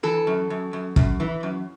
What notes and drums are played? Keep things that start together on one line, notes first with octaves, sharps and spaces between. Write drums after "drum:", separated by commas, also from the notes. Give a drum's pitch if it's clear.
E3 A4
F#2
F#2
F#2
F#2, drum: kick
E3
F#2